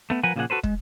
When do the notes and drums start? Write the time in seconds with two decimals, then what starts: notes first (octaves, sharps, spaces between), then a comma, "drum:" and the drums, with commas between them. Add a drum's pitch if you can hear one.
0.10 A3 B3
0.23 F3 A#4 B4 F#5 G#5
0.36 A#2 C#3 F3 A#3 G#4 F#5
0.50 F#4 A4 B4 C5
0.63 G#3, drum: kick